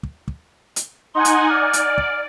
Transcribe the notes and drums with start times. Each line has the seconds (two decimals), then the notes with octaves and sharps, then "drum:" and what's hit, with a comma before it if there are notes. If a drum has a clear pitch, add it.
0.03 drum: kick
0.28 drum: kick
0.76 drum: hi-hat
1.15 D#4 F#5 G#5 C6
1.25 drum: hi-hat
1.49 D5 F6
1.73 drum: hi-hat
1.98 drum: kick